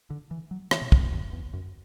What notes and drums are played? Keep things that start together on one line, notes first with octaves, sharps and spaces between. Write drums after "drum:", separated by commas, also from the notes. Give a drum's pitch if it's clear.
D3
E3
F#3
E3, drum: rim click
B2
F#2, drum: kick
E2
F#2
E2
F#2